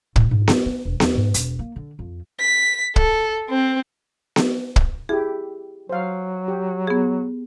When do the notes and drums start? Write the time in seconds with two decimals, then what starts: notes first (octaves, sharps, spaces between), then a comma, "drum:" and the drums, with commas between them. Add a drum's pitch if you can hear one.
0.16 A2, drum: kick
0.31 G#2
0.48 F4, drum: snare B3
0.66 B3
0.85 E1
1.00 E2, drum: snare B3
1.15 G#2
1.34 E1, drum: hi-hat
1.59 A#3
1.76 D3
1.99 F2
2.40 B6
2.96 A4, drum: kick
3.49 C4
4.36 drum: snare B3
4.76 drum: kick
5.09 E4 G4 G#4
5.89 F#3 C5 F5
6.48 G4
6.87 B3 G#4